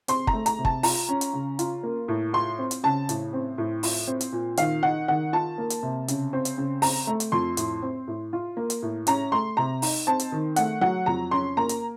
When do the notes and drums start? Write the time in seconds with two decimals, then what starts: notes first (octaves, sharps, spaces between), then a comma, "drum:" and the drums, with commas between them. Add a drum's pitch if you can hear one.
0.08 C4 C6, drum: hi-hat
0.27 A#5, drum: kick
0.33 A3
0.46 A#5, drum: hi-hat
0.59 C3
0.65 A5, drum: kick
0.83 F4 A#5, drum: open hi-hat
1.09 C#4
1.21 drum: hi-hat
1.33 C#3
1.59 F4, drum: hi-hat
1.83 A#3
2.08 A2
2.33 F4 C6
2.59 C4
2.71 drum: hi-hat
2.83 C#3 A5
3.09 A2, drum: hi-hat
3.33 C4
3.58 A2
3.83 F4, drum: open hi-hat
4.07 C4
4.21 drum: hi-hat
4.32 A#2
4.57 D#3 F5, drum: hi-hat
4.83 D#4 F#5
5.08 D#3 F#5
5.33 F4 A5
5.58 A#3
5.70 drum: hi-hat
5.83 C3
6.08 C#3, drum: hi-hat
6.33 C4
6.45 drum: hi-hat
6.58 C#3
6.82 C4 A#5, drum: open hi-hat
7.07 A3
7.20 drum: hi-hat
7.32 F2 C6
7.57 A2, drum: hi-hat
7.82 C4
8.08 A2
8.33 F4
8.57 A#3
8.70 drum: hi-hat
8.82 A2
9.07 C#4 A#5, drum: hi-hat
9.32 A3 C6
9.57 C3 A#5
9.82 D#4, drum: open hi-hat
10.07 C4 A5
10.20 drum: hi-hat
10.32 D#3
10.56 A3 F#5, drum: hi-hat
10.81 F#3 F#5
11.06 F2 A#5
11.31 C#4 C6
11.57 A#3 A#5
11.69 drum: hi-hat